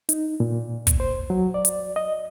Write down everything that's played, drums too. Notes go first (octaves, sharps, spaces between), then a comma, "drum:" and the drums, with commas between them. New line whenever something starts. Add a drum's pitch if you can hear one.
D#4, drum: hi-hat
A#2
drum: kick, hi-hat
C5
F#3
D5
drum: hi-hat
D#5